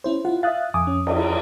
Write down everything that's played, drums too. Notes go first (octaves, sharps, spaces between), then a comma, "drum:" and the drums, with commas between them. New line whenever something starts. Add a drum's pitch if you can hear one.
C#4 E4 C5
E4 F4 F#5
E5 F5 D#6 F#6 A6
F2 G#5 D6 D#6
C#4
drum: cymbal